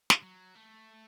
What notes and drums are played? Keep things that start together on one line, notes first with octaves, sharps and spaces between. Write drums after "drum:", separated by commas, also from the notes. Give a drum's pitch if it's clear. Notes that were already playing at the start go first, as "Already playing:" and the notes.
drum: snare
F#3
A3